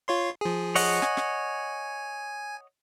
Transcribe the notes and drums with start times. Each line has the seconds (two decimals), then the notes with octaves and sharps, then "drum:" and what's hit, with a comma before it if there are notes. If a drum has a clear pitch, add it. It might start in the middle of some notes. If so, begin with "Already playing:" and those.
0.08 F4 C#5 C6
0.41 F3 G#4
0.75 C#5 D#5 F#5, drum: open hi-hat
1.02 G#5, drum: snare
1.17 drum: snare